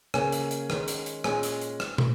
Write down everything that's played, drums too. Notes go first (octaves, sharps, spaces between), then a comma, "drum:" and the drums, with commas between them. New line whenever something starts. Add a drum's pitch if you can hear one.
C#3 A#3 C#4 G#5, drum: rim click
drum: hi-hat
drum: hi-hat
D#3 G#3 C#4, drum: rim click
drum: hi-hat
drum: hi-hat
A#2 G#3 C#4 G#5, drum: rim click
drum: hi-hat
drum: hi-hat
drum: rim click
drum: tom